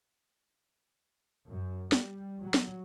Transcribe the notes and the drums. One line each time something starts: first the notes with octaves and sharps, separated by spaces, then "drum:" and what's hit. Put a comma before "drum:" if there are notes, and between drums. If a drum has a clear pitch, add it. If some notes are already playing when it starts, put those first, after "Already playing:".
F#2
G3, drum: snare
F#3
drum: snare